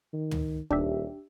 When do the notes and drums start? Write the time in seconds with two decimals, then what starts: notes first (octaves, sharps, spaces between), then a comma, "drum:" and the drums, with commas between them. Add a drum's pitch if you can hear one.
0.13 D#3
0.31 drum: tom
0.70 D#1 D4 G4 E5, drum: kick